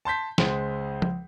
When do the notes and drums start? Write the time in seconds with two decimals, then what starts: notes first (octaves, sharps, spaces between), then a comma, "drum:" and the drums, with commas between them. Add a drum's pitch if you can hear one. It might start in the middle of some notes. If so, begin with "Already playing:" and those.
0.05 A5 C6 G6 B6
0.38 C#2 G#3 C5, drum: snare
1.02 drum: tom F3